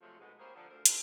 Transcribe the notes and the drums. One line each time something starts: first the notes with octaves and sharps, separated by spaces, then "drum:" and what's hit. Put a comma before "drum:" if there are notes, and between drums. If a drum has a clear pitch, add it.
C3 F3 F#3 G#3 A3
G#2 B2 G#3
G3 A#3 C#4 G#4 C5
D3 F3
D2 A#4 C5
F3 G3 G#3 C4 D#4 E4, drum: hi-hat